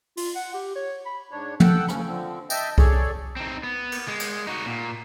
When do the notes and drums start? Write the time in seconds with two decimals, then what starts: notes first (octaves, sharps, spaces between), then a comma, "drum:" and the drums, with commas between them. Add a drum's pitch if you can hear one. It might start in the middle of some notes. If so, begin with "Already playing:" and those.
0.17 F4, drum: open hi-hat
0.36 F#5
0.54 G4
0.76 C#5
1.06 B5
1.31 G#2 D4 C#5
1.60 A4 F#5 G5 E6, drum: tom
1.88 A2 F3 C#4, drum: rim click
2.05 D3 F3 C4
2.50 D#5 E5 G5 A5, drum: tambourine
2.78 G#4 A4 C#5 D5, drum: kick C2
3.37 C4 D#4
3.63 B3
3.92 drum: cymbal
4.08 G#3
4.20 drum: cymbal
4.47 D#4 F#4
4.66 A#2